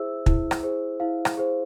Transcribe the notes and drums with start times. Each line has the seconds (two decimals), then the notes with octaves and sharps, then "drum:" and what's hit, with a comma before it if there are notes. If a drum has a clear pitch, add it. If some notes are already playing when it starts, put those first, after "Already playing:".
Already playing: E4 G#4 C5 E5 E6
0.26 E4, drum: kick
0.51 drum: rim click
0.63 G#4 C5
1.00 E4 F5
1.25 drum: rim click
1.37 G#4 C5